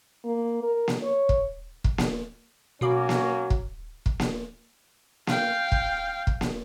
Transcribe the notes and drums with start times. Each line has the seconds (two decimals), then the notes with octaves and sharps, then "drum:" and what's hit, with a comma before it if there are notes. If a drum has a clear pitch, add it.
0.25 A#3
0.63 A#4
0.88 drum: snare A#3
1.03 C#5
1.29 drum: kick
1.84 drum: kick
1.98 drum: snare A#3
2.81 B2 F#3 A#3 C#4 F#4 D6
3.09 drum: snare A#3
3.50 drum: kick
4.06 drum: kick
4.20 drum: snare A#3
5.27 F5 G5, drum: snare A#3
5.72 drum: kick
6.27 drum: kick
6.41 drum: snare A#3